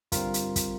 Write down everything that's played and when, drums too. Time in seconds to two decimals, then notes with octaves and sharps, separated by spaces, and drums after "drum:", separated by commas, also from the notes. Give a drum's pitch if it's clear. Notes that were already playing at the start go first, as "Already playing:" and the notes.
0.12 G2 D3 G3 C4 F4 A#4, drum: kick, hi-hat
0.34 drum: hi-hat
0.56 drum: kick, hi-hat